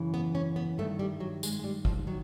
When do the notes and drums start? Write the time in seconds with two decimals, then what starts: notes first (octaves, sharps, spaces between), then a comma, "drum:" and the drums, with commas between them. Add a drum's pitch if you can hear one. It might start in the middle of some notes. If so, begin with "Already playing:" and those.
Already playing: F#2 C#3 E3
0.14 B3
0.35 C#4
0.56 B3
0.78 G2 D#3 A3
0.99 G3
1.20 F#3
1.43 G#3, drum: tambourine
1.59 G#3
1.64 G3
1.85 F3, drum: kick
2.07 D#3 F#3